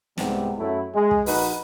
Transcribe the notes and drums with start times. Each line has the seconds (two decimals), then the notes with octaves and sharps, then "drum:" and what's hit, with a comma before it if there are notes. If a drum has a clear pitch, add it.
0.18 C2 G#2 C3 G3 G#3 B3, drum: snare
0.58 F#2 F#3 A3 E4
0.95 G#3
1.11 drum: kick
1.26 A#1 D#4 F#4 B4, drum: open hi-hat